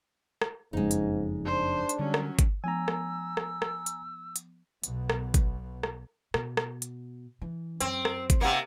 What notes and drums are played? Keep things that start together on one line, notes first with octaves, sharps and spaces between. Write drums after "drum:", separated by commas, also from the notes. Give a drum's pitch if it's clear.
drum: rim click
F#1 F2 G#2 C#3 G#3 D#4
drum: hi-hat
D4 C5
drum: hi-hat
D3 F#3 G3 C#4
drum: rim click
drum: kick, hi-hat
F3 B3 G#5 A#5 E6
drum: rim click
drum: rim click
drum: rim click
drum: hi-hat
drum: hi-hat
B1 B2, drum: hi-hat
drum: rim click
drum: kick, hi-hat
drum: rim click
B2, drum: rim click
drum: rim click
drum: hi-hat
E3
F#2 C4, drum: hi-hat
drum: rim click
drum: kick, hi-hat
C3 A#3 D#4 F#5